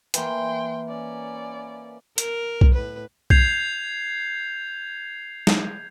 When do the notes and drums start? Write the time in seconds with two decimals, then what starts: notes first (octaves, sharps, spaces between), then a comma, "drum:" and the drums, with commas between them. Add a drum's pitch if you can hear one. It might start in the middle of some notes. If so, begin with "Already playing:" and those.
0.14 E3 A#3 G5 C6, drum: hi-hat
0.88 C#4 D5
2.18 A#4, drum: hi-hat
2.61 drum: kick B1
2.74 A2 B4
3.30 G6 G#6 C7 F7, drum: kick B1
5.47 drum: snare